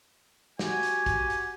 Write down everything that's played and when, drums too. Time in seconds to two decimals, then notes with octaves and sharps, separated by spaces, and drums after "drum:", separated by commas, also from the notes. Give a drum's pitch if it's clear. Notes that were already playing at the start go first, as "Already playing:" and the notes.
0.59 F#4 G4 G#5, drum: snare
0.83 drum: hi-hat
1.06 drum: kick A1, hi-hat
1.30 drum: hi-hat